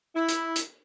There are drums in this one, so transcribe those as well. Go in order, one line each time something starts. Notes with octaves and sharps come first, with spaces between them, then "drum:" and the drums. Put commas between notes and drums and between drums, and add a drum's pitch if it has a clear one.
E4
drum: hi-hat
drum: hi-hat